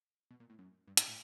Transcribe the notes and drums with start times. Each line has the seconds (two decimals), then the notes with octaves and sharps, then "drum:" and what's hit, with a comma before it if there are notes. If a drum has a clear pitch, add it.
0.31 B2
0.40 A#2
0.50 A2
0.59 F#2
0.87 G2
0.97 G#2, drum: hi-hat
1.08 A2